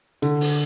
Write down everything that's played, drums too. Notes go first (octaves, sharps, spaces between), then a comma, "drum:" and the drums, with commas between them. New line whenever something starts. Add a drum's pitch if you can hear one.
D3, drum: hi-hat
drum: open hi-hat